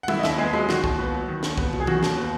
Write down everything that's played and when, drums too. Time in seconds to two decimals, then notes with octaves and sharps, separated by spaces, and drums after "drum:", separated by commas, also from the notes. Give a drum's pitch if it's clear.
0.03 F#5
0.08 D#3 E4 E5, drum: tom G3
0.19 D#5
0.23 D#2 E4 E5, drum: snare
0.38 G#3 B3 G#4
0.53 F#3 G#3 G#4
0.69 D#3 F#4, drum: snare
0.84 D#2, drum: kick
0.99 B3
1.13 F#3
1.28 D#3
1.43 D#2, drum: snare
1.57 B3, drum: kick
1.73 F#3, drum: tom
1.80 G#4
1.87 D#3 F#4, drum: tom E3
2.03 D#2, drum: snare
2.17 B3